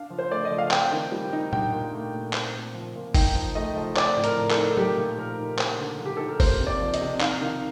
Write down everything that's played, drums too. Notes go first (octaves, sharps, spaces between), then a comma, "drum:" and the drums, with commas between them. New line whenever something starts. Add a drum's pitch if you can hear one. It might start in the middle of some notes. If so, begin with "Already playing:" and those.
Already playing: D4 F5
F3
C5
A3 D5
D#5
F3
F5
C4 G5, drum: clap
D#3
G3
D#4
D4 G5, drum: tom A#2
A#2
A3
A#2
C4, drum: clap
A#2
F3
A#2
D#4 G5, drum: kick G1, open hi-hat
F3
A3 D#5
F3
C4 D5, drum: clap
A2
A#4, drum: hi-hat
F3
A4, drum: clap
D#4
A3 G4, drum: tom F#3
A#2
F3 A#4
D#4
A#3 C5, drum: clap
D3
F3
G4
D#4 A4
A#4
A#3 C5, drum: kick G1, open hi-hat
C3
D5
F3
D#5, drum: hi-hat
C3
D#4 F5, drum: clap
D#3